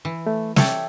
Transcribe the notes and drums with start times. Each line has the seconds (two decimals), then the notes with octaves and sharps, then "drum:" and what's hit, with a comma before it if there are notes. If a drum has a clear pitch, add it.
0.05 E3
0.27 A3
0.56 A4 C#5 D5 E5 G5, drum: snare